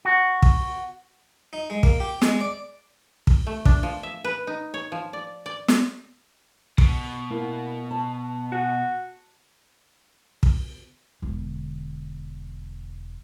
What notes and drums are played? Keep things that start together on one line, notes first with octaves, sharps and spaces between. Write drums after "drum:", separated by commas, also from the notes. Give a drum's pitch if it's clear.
F#4
drum: kick
D#4
G#3
A#3, drum: kick
G4
G#3, drum: snare
D5
drum: kick
A3
D4, drum: kick
F3
E5
B4
D#4
C#5
F3
D5
D5
drum: snare
B2, drum: kick
A#3 E4
A5
F#4 G#5
drum: kick
E1 D3